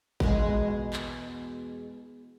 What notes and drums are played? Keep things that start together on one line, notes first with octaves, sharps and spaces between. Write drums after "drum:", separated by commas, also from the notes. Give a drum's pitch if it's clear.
E2 B2 G#3, drum: kick G#1
drum: clap